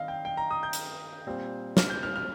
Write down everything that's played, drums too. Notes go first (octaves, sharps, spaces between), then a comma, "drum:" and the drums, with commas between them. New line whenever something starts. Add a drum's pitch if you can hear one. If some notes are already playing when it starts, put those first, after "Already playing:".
Already playing: G2 D#3 C4 D#5 F5
G5
G5
A#5
D#6
G6
drum: hi-hat
A#2 G3 C4
F6, drum: snare
G6
F6
F6